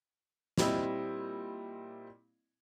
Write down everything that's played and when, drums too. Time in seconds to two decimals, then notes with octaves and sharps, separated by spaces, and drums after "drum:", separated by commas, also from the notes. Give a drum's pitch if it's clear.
0.58 A#2 G3 C4 E4 D#5 E6, drum: snare